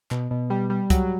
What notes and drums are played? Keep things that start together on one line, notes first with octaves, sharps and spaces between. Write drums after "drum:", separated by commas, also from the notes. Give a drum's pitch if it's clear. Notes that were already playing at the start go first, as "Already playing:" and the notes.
B2, drum: clap
B2
G3
G3
F#3, drum: kick C2, hi-hat